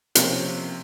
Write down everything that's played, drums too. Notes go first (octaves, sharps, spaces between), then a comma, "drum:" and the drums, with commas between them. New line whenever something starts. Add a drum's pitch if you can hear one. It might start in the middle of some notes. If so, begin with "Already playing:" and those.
C3 F3 A#3 C4 C#4, drum: hi-hat